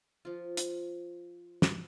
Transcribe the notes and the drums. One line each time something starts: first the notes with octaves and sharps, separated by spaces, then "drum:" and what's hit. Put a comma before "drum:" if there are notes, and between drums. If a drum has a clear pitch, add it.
F3 F4
drum: hi-hat
drum: snare